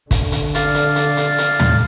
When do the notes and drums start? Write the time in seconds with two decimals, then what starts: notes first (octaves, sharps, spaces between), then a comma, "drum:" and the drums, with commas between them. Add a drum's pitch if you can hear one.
0.11 D3, drum: kick, hi-hat
0.32 drum: hi-hat
0.55 D5 F5, drum: hi-hat
0.75 drum: hi-hat
0.96 drum: hi-hat
1.17 drum: hi-hat
1.38 drum: hi-hat
1.60 drum: tom